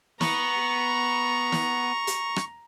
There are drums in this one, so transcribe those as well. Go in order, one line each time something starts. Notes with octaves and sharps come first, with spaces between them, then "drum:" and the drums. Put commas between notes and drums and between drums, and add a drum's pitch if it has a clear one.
B3 A#5 C#6, drum: snare
drum: snare
drum: hi-hat
drum: rim click